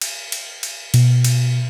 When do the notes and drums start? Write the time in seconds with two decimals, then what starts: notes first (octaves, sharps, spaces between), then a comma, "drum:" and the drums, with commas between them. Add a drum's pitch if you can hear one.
0.02 drum: cymbal
0.32 drum: cymbal
0.63 drum: cymbal
0.94 B2, drum: cymbal
1.24 drum: cymbal